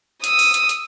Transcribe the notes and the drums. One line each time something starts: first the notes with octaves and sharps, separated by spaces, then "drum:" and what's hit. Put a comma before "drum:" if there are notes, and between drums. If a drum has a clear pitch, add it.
D#6 E6, drum: hi-hat
drum: open hi-hat
drum: hi-hat
drum: hi-hat